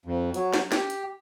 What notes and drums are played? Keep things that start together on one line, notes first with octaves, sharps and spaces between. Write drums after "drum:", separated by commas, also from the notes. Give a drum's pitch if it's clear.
F2
F#3, drum: hi-hat
drum: snare
G4, drum: snare
drum: hi-hat